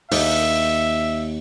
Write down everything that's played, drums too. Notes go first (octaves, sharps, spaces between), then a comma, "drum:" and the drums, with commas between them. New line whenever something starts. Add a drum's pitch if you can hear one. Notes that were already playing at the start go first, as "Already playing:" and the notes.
D#2 E5, drum: open hi-hat